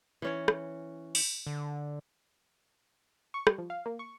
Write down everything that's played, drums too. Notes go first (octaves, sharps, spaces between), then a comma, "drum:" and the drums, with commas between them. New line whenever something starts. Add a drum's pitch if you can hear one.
E3 C#4 C#5
drum: rim click
drum: open hi-hat
D3
C#6
G3, drum: rim click
F3
F5
A#3
C#6